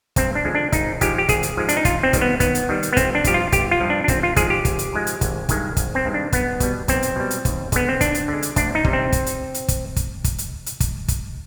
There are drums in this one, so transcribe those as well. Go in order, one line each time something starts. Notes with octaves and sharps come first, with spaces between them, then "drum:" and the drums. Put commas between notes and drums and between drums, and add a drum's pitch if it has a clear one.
G2 C4, drum: kick, hi-hat
D4
D3 F3 G#3
D4
G#1 D#4, drum: kick, hi-hat
G#2 F3 G#3 G4, drum: kick, hi-hat
G4
G#1 G#4, drum: kick, hi-hat
drum: hi-hat
G#2 F3 G#3
D4, drum: hi-hat
D#4
D#2 F4, drum: kick, hi-hat
C4
D#3 G3, drum: kick, hi-hat
B3
D#2 B3, drum: kick, hi-hat
drum: hi-hat
D#3 G3
drum: hi-hat
B3
G1 C4, drum: kick, hi-hat
D4
G2 F3 G4, drum: kick, hi-hat
F4
G1 G4, drum: kick, hi-hat
F4
G2 F3
D4
D4
G#1 C4, drum: kick, hi-hat
F4
G#2 F3 G#3 G#4, drum: kick, hi-hat
G4
G#1, drum: kick, hi-hat
drum: hi-hat
G#2 F3 G#3
drum: hi-hat
G#1, drum: kick, hi-hat
G2 D#3 G#3, drum: kick, hi-hat
G#1, drum: kick, hi-hat
C4
G2 D#3 G#3
D4
B1 B3, drum: kick, hi-hat
B2 G3, drum: kick, hi-hat
B1 C4, drum: kick, hi-hat
drum: hi-hat
B2 G3
drum: hi-hat
D#2, drum: kick, hi-hat
D3 G#3 B3, drum: kick, hi-hat
C4
D#2 D4, drum: kick, hi-hat
drum: hi-hat
D3 G#3
drum: hi-hat
D2 D4, drum: kick, hi-hat
D#4
C3 G3, drum: kick
C4
drum: kick, hi-hat
drum: hi-hat
drum: hi-hat
drum: kick, hi-hat
drum: kick, hi-hat
drum: kick, hi-hat
drum: hi-hat
drum: hi-hat
drum: kick, hi-hat
drum: kick, hi-hat